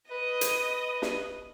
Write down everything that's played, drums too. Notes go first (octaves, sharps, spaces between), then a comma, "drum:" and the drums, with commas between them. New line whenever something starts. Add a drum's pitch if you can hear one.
B4 D#5 D#6
drum: hi-hat
drum: snare